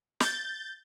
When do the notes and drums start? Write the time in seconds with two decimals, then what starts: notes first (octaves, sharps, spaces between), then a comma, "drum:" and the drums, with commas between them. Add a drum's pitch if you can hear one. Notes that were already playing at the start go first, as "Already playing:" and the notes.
0.20 G6 A6, drum: snare